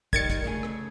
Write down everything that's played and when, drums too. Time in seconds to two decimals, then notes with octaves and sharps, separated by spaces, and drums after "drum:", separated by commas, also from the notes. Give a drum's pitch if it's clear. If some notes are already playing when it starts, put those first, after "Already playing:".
0.13 D#3 G3 G#6 A6 C#7, drum: kick
0.30 drum: kick, hi-hat
0.44 C#3 A3 G#4
0.63 drum: rim click